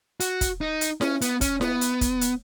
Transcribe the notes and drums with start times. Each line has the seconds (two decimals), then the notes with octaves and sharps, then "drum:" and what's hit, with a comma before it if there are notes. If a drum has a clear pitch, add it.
0.20 F#4, drum: hi-hat
0.41 drum: kick, hi-hat
0.61 D#4
0.81 drum: hi-hat
1.01 C#4, drum: snare E4
1.21 B3, drum: hi-hat
1.41 C#4, drum: kick, hi-hat
1.61 B3, drum: snare E4
1.81 drum: hi-hat
2.01 drum: kick, hi-hat
2.21 drum: hi-hat